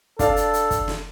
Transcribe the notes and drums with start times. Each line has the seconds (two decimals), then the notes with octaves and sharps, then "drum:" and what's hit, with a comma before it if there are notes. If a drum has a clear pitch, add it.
0.19 D4 A4 F5, drum: kick, hi-hat
0.36 drum: hi-hat
0.53 drum: hi-hat
0.71 drum: kick, hi-hat
0.88 drum: snare